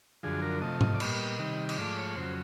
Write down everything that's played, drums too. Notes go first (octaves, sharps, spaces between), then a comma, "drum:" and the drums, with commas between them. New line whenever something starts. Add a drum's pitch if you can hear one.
F#2 D3 F3 G#4
A#4
C3 F3 A3 D#5
D#5, drum: tom G#2
D5
A#2 G3 B3 D#5, drum: cymbal
C3 D#3 G3
D#5, drum: cymbal
G#2 F3 A3 D5
C#5
C#5
F2 C#3 F#3 C5